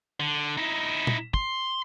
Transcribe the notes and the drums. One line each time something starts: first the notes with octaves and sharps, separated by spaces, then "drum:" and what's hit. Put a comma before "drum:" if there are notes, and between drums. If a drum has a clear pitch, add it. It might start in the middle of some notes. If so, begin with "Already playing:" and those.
D3
D#4 E4
drum: tom
C6, drum: kick